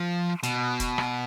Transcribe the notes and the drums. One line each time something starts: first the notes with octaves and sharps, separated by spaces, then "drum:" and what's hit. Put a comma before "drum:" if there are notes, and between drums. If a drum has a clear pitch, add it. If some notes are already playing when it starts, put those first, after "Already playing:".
Already playing: F3
B2, drum: hi-hat
drum: kick F1, hi-hat
drum: rim click